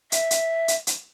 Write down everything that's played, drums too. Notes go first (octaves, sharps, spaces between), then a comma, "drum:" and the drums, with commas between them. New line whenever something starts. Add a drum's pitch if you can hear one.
E5, drum: hi-hat
drum: hi-hat
drum: hi-hat
drum: hi-hat